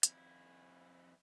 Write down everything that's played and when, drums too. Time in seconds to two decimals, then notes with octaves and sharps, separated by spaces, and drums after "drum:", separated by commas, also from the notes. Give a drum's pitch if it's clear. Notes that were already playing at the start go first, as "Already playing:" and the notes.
0.03 F2 E4, drum: hi-hat